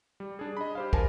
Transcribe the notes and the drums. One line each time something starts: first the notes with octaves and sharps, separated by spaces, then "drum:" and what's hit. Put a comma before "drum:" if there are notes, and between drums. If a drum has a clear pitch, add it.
G3
D4 G#4
D#5 B5
G4 C5 F5
A#4 G#5 A5, drum: kick